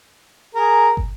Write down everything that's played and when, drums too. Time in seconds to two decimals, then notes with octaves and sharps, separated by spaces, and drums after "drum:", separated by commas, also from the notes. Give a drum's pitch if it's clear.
0.54 G#4 A#4
0.97 drum: kick